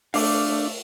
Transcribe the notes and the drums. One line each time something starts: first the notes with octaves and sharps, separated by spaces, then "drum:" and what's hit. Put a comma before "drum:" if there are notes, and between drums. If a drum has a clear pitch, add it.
A3 D4 F5 D6, drum: open hi-hat